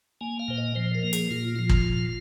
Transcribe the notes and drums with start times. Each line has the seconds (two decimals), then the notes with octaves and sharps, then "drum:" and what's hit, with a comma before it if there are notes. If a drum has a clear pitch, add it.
0.21 A#3 G#5
0.39 F5
0.48 A#2 C5
0.57 D#5
0.75 F3 C5
0.95 A#4
1.03 A#3
1.13 G#4, drum: hi-hat
1.31 A#2 F4
1.56 F3 F4
1.69 drum: kick
1.86 A#2